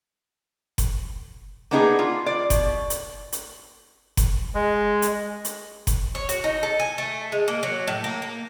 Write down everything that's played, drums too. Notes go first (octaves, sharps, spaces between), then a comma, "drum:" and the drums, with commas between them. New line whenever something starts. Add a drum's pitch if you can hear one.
drum: kick F#1, hi-hat
A#3 B3 D4 D#4 F#4 G#4
F4
D5
B2, drum: kick F#1, hi-hat
drum: hi-hat
drum: hi-hat
drum: kick F#1, hi-hat
G#3
drum: hi-hat
drum: hi-hat
drum: kick F#1, hi-hat
C#5
F#4, drum: hi-hat
D#4
A4
G#5
A3
G#3
A#3
F#3
A2
A#3
A#3